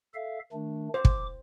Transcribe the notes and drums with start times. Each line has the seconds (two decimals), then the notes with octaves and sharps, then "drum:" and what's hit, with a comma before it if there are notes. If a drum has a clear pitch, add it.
0.15 A4 E5 F5
0.53 D#3 A3 D4
0.94 C5 D6
1.05 drum: kick